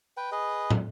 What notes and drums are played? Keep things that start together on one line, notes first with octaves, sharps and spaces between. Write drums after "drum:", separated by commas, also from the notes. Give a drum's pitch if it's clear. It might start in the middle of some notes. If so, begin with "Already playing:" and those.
B4 G5
G#4 B4 D#5
drum: tom